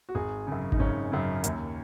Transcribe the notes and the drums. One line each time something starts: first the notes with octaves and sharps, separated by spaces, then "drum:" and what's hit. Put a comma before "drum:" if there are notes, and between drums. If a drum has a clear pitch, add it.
F#4
G#1 G#4
F#2 C#3
D#4, drum: kick G#1
G#1 C#4
F#2 C#3
D#2, drum: hi-hat